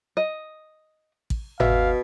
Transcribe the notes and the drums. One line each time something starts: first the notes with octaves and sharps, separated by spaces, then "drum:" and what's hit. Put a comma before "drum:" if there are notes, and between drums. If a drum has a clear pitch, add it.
D#5
drum: kick A1
B2 E5 F5, drum: tom G1